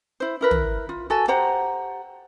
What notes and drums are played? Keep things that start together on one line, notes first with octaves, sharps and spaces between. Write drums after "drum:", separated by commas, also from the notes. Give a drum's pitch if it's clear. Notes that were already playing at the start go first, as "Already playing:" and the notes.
E4 C5
E4 A#4 B4
drum: tom
F4
F#4 A4 G#5
G4 C5 F#5 A#5